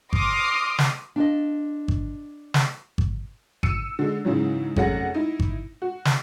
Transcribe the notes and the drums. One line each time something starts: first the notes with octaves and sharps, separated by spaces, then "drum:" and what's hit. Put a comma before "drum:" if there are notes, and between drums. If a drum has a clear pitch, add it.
C6 D6 D#6 F6 A#6 C7, drum: kick G#1
drum: snare
D4 F4 D#5
drum: kick G#1
drum: snare
drum: kick G#1
E6 C#7 D#7, drum: kick G#1
D3 G#3
G#2 C#3 E3 F#3
F1 F#3 C#4 G#4 F#5 A#6, drum: kick G#1
D#4 E4
drum: kick G#1
F#4
drum: snare